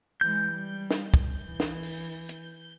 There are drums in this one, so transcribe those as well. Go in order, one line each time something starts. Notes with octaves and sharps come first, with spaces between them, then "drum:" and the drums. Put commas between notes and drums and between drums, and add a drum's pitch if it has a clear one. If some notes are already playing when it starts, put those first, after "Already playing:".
E3 G#3 G6
G3
drum: snare
drum: kick
E3
drum: snare
drum: open hi-hat
drum: hi-hat